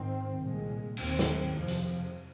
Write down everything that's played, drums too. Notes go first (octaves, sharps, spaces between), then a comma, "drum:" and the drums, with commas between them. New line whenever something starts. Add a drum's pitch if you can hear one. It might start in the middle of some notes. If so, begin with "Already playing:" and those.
Already playing: G#2 D#3 C4
C2 A#2 G#3
D#2 D#3 C4, drum: cymbal
drum: snare
F2 C3 F3
drum: hi-hat